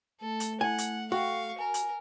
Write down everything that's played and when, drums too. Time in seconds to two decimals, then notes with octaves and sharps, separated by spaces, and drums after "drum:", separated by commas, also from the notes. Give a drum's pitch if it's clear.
0.21 A3 A4
0.40 drum: hi-hat
0.61 E4 F#5 G#5
0.78 drum: hi-hat
1.12 F#4 F5 G5 C#6
1.59 A#4 G#5
1.74 drum: hi-hat